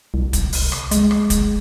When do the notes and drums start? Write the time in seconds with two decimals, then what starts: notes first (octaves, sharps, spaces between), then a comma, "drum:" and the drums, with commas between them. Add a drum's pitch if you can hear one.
0.14 C2
0.33 drum: kick, hi-hat
0.53 drum: open hi-hat
0.72 drum: rim click
0.91 G#3, drum: hi-hat
1.11 drum: rim click
1.30 drum: kick, hi-hat